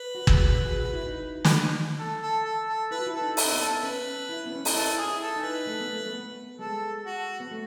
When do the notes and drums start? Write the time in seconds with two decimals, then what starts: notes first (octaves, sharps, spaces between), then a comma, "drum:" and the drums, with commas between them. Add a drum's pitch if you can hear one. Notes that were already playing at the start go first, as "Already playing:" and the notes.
Already playing: B4
0.15 F#4
0.27 G#4, drum: kick
0.40 F#4
0.65 G#4
0.79 F#4
0.93 E4
1.07 D#4
1.44 drum: snare
1.99 A4
2.22 A4
2.45 A4
2.68 A4
2.91 E4 B4
2.99 F#4
3.06 E4
3.14 A4
3.21 D#4
3.37 E4, drum: open hi-hat
3.45 C#4
3.52 B3
3.60 A4
3.83 C#4 B4
4.29 E4
4.45 B3
4.56 C#4
4.65 D#4, drum: open hi-hat
4.75 E4 A4
4.98 G#4
5.06 E4
5.22 A4
5.36 D#4
5.44 B4
5.67 A3
5.80 B3
5.93 A3
6.06 A3
6.13 B3
6.59 G#3 A4
7.05 F#4
7.40 B3
7.51 A3